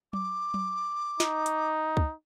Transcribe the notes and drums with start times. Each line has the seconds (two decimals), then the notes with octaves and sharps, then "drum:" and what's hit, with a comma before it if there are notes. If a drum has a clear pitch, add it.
0.13 D6, drum: tom F#3
0.54 drum: tom F#3
1.20 D#4, drum: snare
1.46 drum: hi-hat
1.97 drum: kick